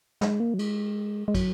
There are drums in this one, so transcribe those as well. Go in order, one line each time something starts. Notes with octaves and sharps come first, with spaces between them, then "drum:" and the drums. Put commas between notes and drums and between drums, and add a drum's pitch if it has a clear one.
G#3, drum: snare
A#3
F#3
G#3, drum: cymbal
G#3
F#3, drum: kick, cymbal